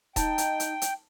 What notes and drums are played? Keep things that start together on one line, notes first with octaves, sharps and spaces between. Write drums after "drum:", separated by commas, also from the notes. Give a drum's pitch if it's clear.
D#4 G5 A5, drum: kick D#1, hi-hat
drum: hi-hat
drum: hi-hat
drum: hi-hat